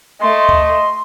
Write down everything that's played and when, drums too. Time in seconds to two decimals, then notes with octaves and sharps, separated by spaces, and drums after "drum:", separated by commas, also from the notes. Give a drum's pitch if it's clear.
0.21 A3 D#5 C6
0.49 drum: kick